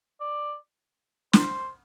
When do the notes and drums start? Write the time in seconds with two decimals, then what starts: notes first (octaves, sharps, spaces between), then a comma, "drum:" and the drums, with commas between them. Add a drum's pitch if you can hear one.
0.21 D5
1.33 C5, drum: snare